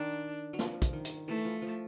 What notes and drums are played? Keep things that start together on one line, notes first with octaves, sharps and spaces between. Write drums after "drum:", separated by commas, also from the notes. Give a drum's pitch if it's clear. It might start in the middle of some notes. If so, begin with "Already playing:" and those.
Already playing: D#3 D4
F#3
F3, drum: snare
drum: kick, hi-hat
D#3
drum: hi-hat
E3 A3
F3
F3